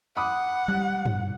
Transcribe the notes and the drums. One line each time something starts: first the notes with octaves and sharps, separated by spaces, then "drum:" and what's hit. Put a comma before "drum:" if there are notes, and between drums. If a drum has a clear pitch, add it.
F#5 B5 D6 D#6
G3 F#6
drum: tom